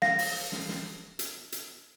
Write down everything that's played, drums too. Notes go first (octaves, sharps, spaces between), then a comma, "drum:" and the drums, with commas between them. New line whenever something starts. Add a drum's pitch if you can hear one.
F5 A#6, drum: snare
drum: open hi-hat
drum: snare
drum: snare
drum: hi-hat
drum: hi-hat